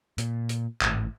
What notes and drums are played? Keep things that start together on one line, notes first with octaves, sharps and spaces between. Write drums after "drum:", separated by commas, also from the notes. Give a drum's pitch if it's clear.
A#2, drum: hi-hat
drum: hi-hat
G#1 A2, drum: clap